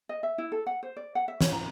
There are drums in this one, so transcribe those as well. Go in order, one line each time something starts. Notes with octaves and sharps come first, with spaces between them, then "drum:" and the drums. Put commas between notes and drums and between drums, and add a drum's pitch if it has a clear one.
D#5
E5
E4
A4
F#5
C5
D5
F#5
E5
C#5, drum: snare
A#5